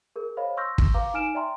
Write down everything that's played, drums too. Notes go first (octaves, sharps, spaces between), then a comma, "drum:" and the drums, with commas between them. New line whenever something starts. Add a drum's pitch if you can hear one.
G#4 A#4
C5 C#5 D#5 F5 B5
C6 C#6 E6 F6 G6 A#6
drum: kick
B4 F5 A#5 D6
D#4 G#5 F6 D7 E7
D5 E5 G5 A#5 C6